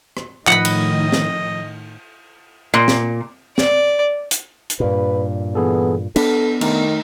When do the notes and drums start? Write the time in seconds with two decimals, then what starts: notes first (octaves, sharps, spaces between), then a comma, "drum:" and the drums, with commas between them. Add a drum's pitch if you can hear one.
0.17 drum: rim click
0.47 A2 D#3 F3 D#5 F#5 B5, drum: clap
0.65 drum: cymbal
1.12 drum: snare
2.74 A#2
2.88 drum: snare
3.58 D5, drum: snare
4.31 drum: hi-hat
4.70 drum: hi-hat
4.80 G2 A#2 B4
5.55 E3 B3 G#4 A4
6.16 B3 D4 A4 B6, drum: cymbal
6.61 D#3 A3 D#4, drum: cymbal